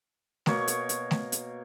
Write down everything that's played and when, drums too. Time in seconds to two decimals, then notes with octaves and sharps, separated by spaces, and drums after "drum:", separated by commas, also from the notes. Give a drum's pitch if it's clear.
0.46 B2 A#3 C#5 C#6, drum: snare
0.68 drum: hi-hat
0.89 drum: hi-hat
1.11 drum: snare
1.32 drum: hi-hat